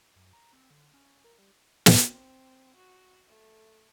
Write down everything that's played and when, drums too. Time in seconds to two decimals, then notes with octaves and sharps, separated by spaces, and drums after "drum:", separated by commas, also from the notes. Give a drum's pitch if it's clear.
0.16 F#2
0.33 A#5
0.53 C4
0.71 D3
0.94 C#4
1.12 C#4
1.24 A#4
1.39 G3
1.86 C4, drum: snare
2.76 F#4
3.27 A3